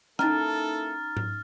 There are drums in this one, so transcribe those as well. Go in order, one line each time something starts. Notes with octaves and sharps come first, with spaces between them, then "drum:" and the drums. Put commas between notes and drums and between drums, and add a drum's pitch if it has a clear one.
A#3 C#4 D#4 E4 A4 A#5 F6 A6, drum: rim click
drum: tom G#2